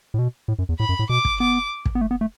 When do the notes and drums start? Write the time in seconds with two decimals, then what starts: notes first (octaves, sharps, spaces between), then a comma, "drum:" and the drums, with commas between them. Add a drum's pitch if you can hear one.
0.14 A2
0.19 B2
0.48 A2
0.59 F#2
0.69 E2
0.79 A2 B5
0.89 F#2
0.99 A2
1.09 B2 D6
1.25 drum: kick
1.40 B3 D6
1.85 drum: kick
1.95 B3
2.01 A3
2.11 B3
2.21 A3